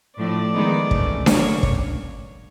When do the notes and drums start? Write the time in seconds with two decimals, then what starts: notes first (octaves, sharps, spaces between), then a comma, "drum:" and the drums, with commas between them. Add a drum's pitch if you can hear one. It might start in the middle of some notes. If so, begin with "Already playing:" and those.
0.17 A2 F3 A3 D4 D5
0.54 D#3 G#3 B3 D#4
0.91 C3 E3 A3 C#4, drum: kick
1.26 C#3 F#3 A#3 C#5, drum: snare D4
1.63 drum: kick